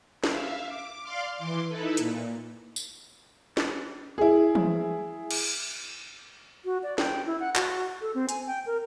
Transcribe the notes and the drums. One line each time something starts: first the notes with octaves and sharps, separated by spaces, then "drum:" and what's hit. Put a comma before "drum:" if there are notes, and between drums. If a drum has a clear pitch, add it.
E5 F5, drum: snare
D6
D5 F5 C6 D6 F6
E3 C6 D6
D#4 E4 A4 B4
A#2, drum: hi-hat
drum: tambourine
drum: snare
E4 G#4
drum: tom E3
drum: cymbal
F#4
D5
G5, drum: snare
E4
F#5
F#4, drum: clap
A4
C4
G#5, drum: hi-hat
G5
A#4